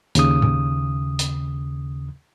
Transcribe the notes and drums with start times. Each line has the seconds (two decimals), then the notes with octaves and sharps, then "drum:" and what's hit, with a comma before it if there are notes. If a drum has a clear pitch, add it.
0.15 D#2 C#3 D#6, drum: hi-hat
0.42 drum: tom
1.19 drum: hi-hat